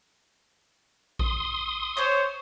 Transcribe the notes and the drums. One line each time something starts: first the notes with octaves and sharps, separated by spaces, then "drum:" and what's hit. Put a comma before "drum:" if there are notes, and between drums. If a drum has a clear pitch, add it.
C6 D#6, drum: kick A#1
C5 C#5, drum: clap